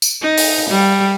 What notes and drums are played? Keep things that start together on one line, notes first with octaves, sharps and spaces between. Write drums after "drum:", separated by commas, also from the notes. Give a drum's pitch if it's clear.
drum: tambourine
D#4
drum: open hi-hat
G3